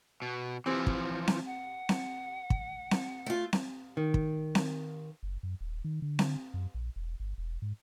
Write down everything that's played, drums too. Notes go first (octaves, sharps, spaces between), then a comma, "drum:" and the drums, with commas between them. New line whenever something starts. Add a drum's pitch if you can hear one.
B2
E3 F3 C4 G4
drum: kick
drum: snare C4
F#5
drum: snare C4
drum: kick
drum: snare C4
A3 F4
drum: snare C4
D#3
drum: kick
drum: snare C4
F#1
F#2
D#1
D#3
D3
drum: snare C4
F#2
A#1
E1
G1
E1
G#2